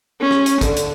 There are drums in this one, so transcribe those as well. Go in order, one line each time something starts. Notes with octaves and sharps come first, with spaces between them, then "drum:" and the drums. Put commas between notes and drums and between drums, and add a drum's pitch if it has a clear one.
C#4
drum: rim click
drum: hi-hat
D3, drum: kick, hi-hat
drum: hi-hat